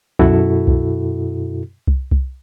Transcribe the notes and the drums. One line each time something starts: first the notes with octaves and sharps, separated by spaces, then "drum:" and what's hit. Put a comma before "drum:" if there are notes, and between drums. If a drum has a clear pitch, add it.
F#2 B2 E4 F#4 A4, drum: kick C2
drum: kick C2
drum: kick C2
drum: kick C2